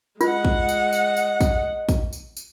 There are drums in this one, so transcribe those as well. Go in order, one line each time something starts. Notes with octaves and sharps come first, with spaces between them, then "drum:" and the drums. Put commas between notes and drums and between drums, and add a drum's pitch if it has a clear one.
G#3 F4 D#5 F#5, drum: tambourine
drum: kick
drum: tambourine
drum: tambourine
drum: tambourine
drum: kick, tambourine
drum: kick, tambourine
drum: tambourine
drum: tambourine